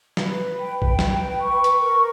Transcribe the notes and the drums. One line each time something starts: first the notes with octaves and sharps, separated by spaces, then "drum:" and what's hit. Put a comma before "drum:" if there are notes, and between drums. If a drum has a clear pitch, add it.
B4, drum: snare
G5
drum: kick A#1
B4, drum: snare
C#6
drum: hi-hat
A#4